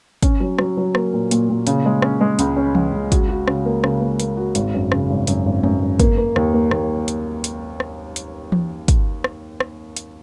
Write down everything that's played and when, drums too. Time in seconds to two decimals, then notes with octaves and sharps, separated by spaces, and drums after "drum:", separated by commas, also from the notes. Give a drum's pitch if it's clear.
0.23 C#4, drum: kick, hi-hat
0.40 F#3
0.58 F#3, drum: rim click
0.77 F#3
0.95 A#3, drum: rim click
1.13 A#2
1.31 A#2, drum: hi-hat
1.49 A#2
1.67 C#3, drum: hi-hat
1.85 G#3
2.02 C#4, drum: rim click
2.21 G#3
2.39 C#2, drum: hi-hat
2.56 C#4
2.75 C#2, drum: tom E3
2.93 C#2
3.12 F#4, drum: kick, hi-hat
3.29 F#4
3.48 C#3, drum: rim click
3.66 A#3
3.84 C#3, drum: rim click
4.01 A#3
4.20 A#3, drum: hi-hat
4.37 F#4
4.55 G#1, drum: hi-hat
4.74 F#2
4.92 C#3, drum: rim click
5.10 G#1
5.27 F#2, drum: hi-hat
5.46 G#1
5.63 F#2, drum: tom G#3
5.81 G#1
6.00 A#3, drum: kick, hi-hat
6.17 A#3
6.36 D#2, drum: rim click
6.54 A#3
6.71 D#2, drum: rim click
7.08 drum: hi-hat
7.44 drum: hi-hat
7.80 drum: rim click
8.16 drum: hi-hat
8.52 drum: tom E3
8.88 drum: kick, hi-hat
9.24 drum: rim click
9.60 drum: rim click
9.96 drum: hi-hat